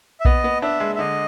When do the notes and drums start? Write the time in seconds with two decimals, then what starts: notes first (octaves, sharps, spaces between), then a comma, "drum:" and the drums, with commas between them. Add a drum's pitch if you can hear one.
0.20 E5
0.25 B3 D#5, drum: kick B1
0.44 B3
0.62 D4 E5
0.80 G#3
0.95 E5
0.99 D3 D#5